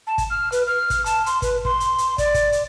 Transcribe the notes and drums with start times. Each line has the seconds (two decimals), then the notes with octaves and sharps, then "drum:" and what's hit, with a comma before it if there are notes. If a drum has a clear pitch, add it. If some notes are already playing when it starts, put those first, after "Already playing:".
0.07 A5
0.18 drum: kick, hi-hat
0.30 F6
0.52 B4, drum: hi-hat
0.67 F6
0.90 drum: kick, hi-hat
1.06 A5, drum: hi-hat
1.26 C6, drum: hi-hat
1.42 B4, drum: kick, hi-hat
1.65 C6, drum: kick
1.80 drum: hi-hat
1.98 drum: hi-hat
2.18 D5, drum: kick, hi-hat
2.34 drum: kick, hi-hat
2.52 drum: hi-hat